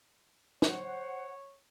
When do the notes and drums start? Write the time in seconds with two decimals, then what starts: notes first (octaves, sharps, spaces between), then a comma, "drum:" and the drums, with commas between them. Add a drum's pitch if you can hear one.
0.62 C5 C#5 F#5, drum: snare